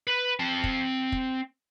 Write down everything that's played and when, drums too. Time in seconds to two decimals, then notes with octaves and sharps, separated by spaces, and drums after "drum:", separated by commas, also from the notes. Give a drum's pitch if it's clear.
0.07 B4
0.39 C4 A5
0.64 drum: kick
1.12 drum: kick